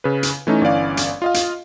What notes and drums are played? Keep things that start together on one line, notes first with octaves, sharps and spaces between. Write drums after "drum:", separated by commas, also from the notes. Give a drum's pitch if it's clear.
C#3 B4
drum: hi-hat
E3 A3 C#4 D#4
G1 E3 C#4 D5 F5
drum: hi-hat
F4 D#5 F5
drum: hi-hat